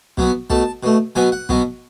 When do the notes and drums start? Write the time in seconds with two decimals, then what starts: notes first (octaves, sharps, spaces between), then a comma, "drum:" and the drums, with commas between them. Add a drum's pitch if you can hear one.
0.17 B2 F#3 B3, drum: kick
0.50 B2 A3 A5, drum: kick
0.83 B2 A3
1.15 B2 F#3 B3 G#5
1.32 F#5
1.49 B2 F#3 B3, drum: kick